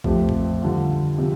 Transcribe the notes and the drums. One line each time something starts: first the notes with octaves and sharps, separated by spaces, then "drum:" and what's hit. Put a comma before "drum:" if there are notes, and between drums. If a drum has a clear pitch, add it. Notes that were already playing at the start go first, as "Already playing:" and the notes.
F2 F3 A3 C4 G4, drum: kick A#1
drum: tom A#2
D3 G3 F4
C3 F3